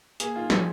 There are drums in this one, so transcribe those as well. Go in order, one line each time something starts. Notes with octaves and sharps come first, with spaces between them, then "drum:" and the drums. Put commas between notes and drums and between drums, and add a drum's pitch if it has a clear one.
A#3 G#4, drum: hi-hat
D#3 F4
F3 G#4, drum: snare